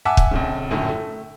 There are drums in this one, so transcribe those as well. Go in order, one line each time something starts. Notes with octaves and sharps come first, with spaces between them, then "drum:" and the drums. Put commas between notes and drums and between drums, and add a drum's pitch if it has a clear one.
E5 F#5 G#5 A5 D6 E6
drum: kick
A#1 F2 C#3
A#1 F#2 A2 D3
A3